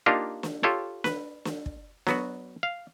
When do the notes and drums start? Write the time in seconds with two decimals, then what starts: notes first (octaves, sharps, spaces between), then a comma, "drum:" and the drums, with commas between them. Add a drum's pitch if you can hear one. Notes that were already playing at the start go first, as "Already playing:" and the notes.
0.06 A#3 D4 D#4 F4 G4 F5
0.43 drum: snare
0.63 F4 G4 A4 C#5
1.04 B4, drum: snare
1.45 drum: snare
1.66 drum: kick
2.07 F#3 B3 F#4, drum: snare
2.63 F5